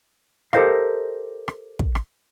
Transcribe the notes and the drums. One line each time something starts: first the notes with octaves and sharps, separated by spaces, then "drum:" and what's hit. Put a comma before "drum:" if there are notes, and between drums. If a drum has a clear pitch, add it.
G4 A4 A#4 C5 D#5 F5, drum: rim click
drum: rim click
drum: kick
drum: rim click